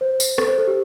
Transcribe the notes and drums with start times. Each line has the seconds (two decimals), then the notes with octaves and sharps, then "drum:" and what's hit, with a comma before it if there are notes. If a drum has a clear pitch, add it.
0.01 C5
0.20 drum: tambourine
0.38 A4, drum: rim click
0.48 C5
0.58 A4
0.67 G4